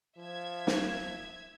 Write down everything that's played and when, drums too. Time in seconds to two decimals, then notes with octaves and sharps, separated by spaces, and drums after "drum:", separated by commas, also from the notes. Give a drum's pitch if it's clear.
0.17 F3 E5 G#6
0.67 drum: snare